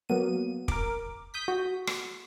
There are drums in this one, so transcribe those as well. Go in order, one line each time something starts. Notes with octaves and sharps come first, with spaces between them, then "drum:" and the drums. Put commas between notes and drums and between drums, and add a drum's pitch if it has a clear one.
F#3 A#3 B3 D#7
A#4 D6, drum: kick
D#6 G6 B6
F#4
drum: rim click